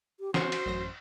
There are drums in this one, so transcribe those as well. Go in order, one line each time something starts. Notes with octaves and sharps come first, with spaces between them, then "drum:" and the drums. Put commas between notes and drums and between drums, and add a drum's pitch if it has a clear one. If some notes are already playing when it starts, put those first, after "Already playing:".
G4
F#4 C5 C#6, drum: snare
drum: cymbal
A1 F#2 A#6